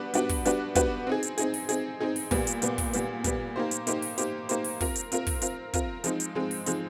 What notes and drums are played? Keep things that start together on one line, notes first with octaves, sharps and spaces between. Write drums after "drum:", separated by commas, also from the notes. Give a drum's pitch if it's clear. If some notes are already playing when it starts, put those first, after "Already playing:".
Already playing: G3 B3 D4 F#4 B4
G3 B3 D4 F#4 B4, drum: hi-hat
drum: kick, open hi-hat
G3 B3 D4 F#4 B4, drum: hi-hat
G3 B3 D4 F#4 B4, drum: kick, hi-hat
C4 D#4 G#4
drum: hi-hat
C4 D#4 G#4, drum: hi-hat
drum: open hi-hat
C4 D#4 G#4, drum: hi-hat
C4 D#4 G#4
drum: open hi-hat
A#2 G3 B3, drum: kick, open hi-hat
drum: hi-hat
A#2 G3 B3, drum: hi-hat
drum: kick, open hi-hat
A#2 G3 B3, drum: hi-hat
A#2 G3 B3, drum: kick, hi-hat
A#3 D#4 G4 C5
drum: hi-hat
A#3 D#4 G4 C5, drum: hi-hat
drum: open hi-hat
A#3 D#4 G4 C5, drum: hi-hat
A#3 D#4 G4 C5, drum: hi-hat
drum: open hi-hat
C4 F4 A#4, drum: kick, open hi-hat
drum: hi-hat
C4 F4 A#4, drum: hi-hat
drum: kick, open hi-hat
C4 F4 A#4, drum: hi-hat
C4 F4 A#4, drum: kick, hi-hat
F3 G#3 C4 D#4, drum: hi-hat
drum: hi-hat
F3 G#3 C4 D#4
drum: open hi-hat
F3 G#3 C4 D#4, drum: hi-hat